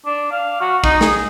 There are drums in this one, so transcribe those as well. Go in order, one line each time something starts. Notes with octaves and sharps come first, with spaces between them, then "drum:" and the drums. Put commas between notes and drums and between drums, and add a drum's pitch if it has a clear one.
D4
F5
F#4
D#4, drum: kick
G#4, drum: snare